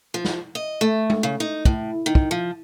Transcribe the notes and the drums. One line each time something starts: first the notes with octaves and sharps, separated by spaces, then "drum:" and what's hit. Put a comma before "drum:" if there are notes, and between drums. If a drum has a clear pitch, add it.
F3
drum: snare
D#5
A3
drum: tom G#3
C#3
D#4
A2, drum: kick
D#3
drum: kick
F3